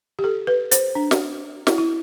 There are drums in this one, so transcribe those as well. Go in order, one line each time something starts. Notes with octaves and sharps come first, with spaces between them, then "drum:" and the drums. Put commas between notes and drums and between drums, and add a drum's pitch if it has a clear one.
G4
A4
B4
C5, drum: hi-hat
D4
drum: snare
E4, drum: snare
E4